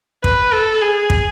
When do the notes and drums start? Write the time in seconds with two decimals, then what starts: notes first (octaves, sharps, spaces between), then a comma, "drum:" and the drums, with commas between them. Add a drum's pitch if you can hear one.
0.24 B4, drum: kick
0.52 A4
0.81 G#4
1.10 drum: kick